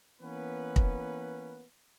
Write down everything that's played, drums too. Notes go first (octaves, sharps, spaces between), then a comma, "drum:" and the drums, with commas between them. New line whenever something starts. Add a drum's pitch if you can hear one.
E3 A#3 B3 C#4 B4
drum: kick